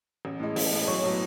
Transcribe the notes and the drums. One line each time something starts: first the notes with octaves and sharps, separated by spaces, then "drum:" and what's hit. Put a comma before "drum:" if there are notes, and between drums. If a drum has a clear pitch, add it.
A1
A2 G#3
A1, drum: open hi-hat
A2 G#3
B1 C#5
A2 F#3 B3